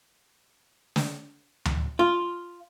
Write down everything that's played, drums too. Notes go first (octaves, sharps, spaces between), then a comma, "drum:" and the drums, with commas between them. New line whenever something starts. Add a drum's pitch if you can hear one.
drum: snare
drum: tom D2
F4